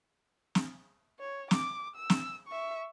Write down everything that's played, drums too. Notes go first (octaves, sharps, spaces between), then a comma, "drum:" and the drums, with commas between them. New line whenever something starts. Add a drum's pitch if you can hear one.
drum: snare
C#5
D6, drum: snare
E6
drum: snare
E5 C#6